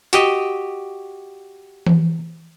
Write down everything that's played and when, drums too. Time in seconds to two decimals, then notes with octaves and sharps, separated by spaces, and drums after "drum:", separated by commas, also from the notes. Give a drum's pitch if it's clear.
0.13 F#4 G4 D#5, drum: hi-hat
1.87 drum: tom E3